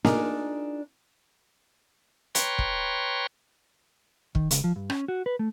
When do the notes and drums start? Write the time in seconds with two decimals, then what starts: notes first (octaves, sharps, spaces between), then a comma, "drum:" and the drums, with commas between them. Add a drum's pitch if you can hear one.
0.05 D4 D#4 F4 G#4 A#4 D5, drum: snare A#3
2.35 B4 C#5 G5 A#5 C6 C#6, drum: hi-hat
2.59 drum: kick
4.35 D#3, drum: kick
4.51 C#2, drum: hi-hat
4.64 F3
4.76 G2
4.90 C#4, drum: rim click
5.08 F#4
5.26 B4
5.39 A3